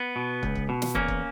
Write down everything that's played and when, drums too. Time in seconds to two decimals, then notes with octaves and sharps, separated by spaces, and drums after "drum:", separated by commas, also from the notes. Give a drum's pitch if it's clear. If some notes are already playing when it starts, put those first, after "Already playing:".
Already playing: B3
0.16 B2
0.43 C#2, drum: kick
0.55 drum: kick
0.69 B2
0.82 drum: snare
0.95 E2 A#3 C#4, drum: kick
1.08 drum: kick